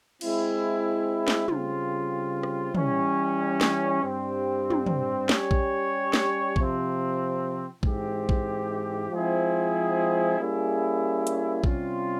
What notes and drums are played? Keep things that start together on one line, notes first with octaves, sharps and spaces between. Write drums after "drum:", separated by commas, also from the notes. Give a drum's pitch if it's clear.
G#3 C4 E4, drum: cymbal
drum: snare
C#3 G3 C4 F4, drum: tom
drum: rim click
E3 G3 C#4, drum: tom
drum: snare
G2 G3 C4
drum: tom
drum: tom
G3 C#4 G4 C#5, drum: snare
drum: kick A#1
drum: snare
C3 F3 C4, drum: kick A#1
G#2 E3 G#3 C4 G4, drum: kick A#1
drum: kick A#1
F3 G#3 C4 E4 G#4
G3 A#3 C#4 E4 G#4
drum: hi-hat
C3 G3 C#4 F4, drum: kick A#1